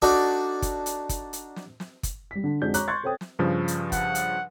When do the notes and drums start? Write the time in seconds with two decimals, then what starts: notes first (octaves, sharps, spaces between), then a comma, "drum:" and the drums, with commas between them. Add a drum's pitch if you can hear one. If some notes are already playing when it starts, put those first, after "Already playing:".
0.02 D4 D#4 F#4 A4 D5
0.62 drum: kick, hi-hat
0.86 drum: hi-hat
1.09 drum: kick, hi-hat
1.33 drum: hi-hat
1.56 drum: snare
1.80 drum: snare
2.03 drum: kick, hi-hat
2.31 G3 B6
2.44 D3
2.62 F2 G#3 D4 F#4 G#4 G6
2.74 C#5 A#5 C#6 D6 F#6, drum: hi-hat
2.88 C6 C#6 F#6 G#6 A6
3.03 A4 C5 C#5 G5 D#6
3.21 drum: snare
3.39 G2 C#3 F3
3.68 drum: hi-hat
3.92 F#5, drum: kick, hi-hat
4.15 drum: hi-hat